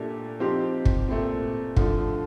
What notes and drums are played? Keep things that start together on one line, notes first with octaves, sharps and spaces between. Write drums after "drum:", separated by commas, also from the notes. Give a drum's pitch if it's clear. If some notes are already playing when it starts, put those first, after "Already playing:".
Already playing: A#2 A3 D4 G4
F3 C4 D#4 G4
drum: kick
A#2 A3 C4
D3 F3 A3, drum: kick